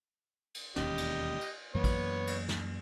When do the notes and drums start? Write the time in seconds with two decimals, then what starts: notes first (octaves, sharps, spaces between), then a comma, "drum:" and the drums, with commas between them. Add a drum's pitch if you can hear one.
0.55 drum: cymbal
0.76 E1 D#2 C#4 G4 D#5, drum: snare
0.98 drum: cymbal
1.41 drum: cymbal
1.74 F#2 E3 A#3 B3 C#5
1.84 drum: kick, cymbal
2.27 drum: cymbal
2.49 drum: snare